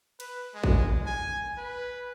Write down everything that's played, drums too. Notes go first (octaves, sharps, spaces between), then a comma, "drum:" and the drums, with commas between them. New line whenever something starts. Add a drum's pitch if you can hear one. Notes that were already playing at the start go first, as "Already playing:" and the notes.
B4, drum: cymbal
G#3
drum: kick A1
G#5
B4